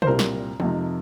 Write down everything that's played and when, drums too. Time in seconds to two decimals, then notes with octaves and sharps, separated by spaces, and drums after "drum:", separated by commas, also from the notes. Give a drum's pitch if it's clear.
0.02 C5, drum: tom B2
0.07 C2 A#2 G3 C4 A#4
0.19 drum: snare
0.60 F2 C3 F3 D#4, drum: tom G#3